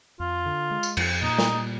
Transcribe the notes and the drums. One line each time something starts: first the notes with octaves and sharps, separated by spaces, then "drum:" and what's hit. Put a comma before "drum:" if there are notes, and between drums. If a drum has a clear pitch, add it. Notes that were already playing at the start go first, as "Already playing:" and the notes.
F2 F4
D3
G#3
drum: tambourine
F2, drum: cymbal
A#2 D#4
drum: snare
G3